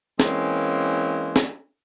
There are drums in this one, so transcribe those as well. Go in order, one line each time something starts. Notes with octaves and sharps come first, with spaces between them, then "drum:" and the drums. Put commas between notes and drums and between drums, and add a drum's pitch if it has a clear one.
E3 G#3 A#3 C4 C#4, drum: snare
drum: snare